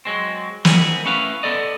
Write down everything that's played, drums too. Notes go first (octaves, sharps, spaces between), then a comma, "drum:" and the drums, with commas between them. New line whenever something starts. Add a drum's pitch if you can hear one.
F#3 G#3 C4
D#3 B3 C4 G#4, drum: snare
A3 B3 C#4 E4 B4 F5
B3 A4 D5 D#5